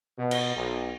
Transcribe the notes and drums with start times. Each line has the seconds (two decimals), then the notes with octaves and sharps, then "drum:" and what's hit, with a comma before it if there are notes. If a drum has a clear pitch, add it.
0.19 B2
0.31 drum: cymbal
0.56 B1